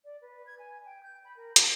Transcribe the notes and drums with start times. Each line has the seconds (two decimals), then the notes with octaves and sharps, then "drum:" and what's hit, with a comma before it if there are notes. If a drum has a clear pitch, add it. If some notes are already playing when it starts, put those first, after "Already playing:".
0.05 D5
0.22 B4
0.47 G#6
0.59 G#5
0.85 G5
1.03 G6
1.25 B5
1.37 A#4
1.56 D6, drum: hi-hat